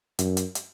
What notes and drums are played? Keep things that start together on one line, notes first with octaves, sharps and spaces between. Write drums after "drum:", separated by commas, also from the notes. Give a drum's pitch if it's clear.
F#2, drum: hi-hat
drum: hi-hat
drum: hi-hat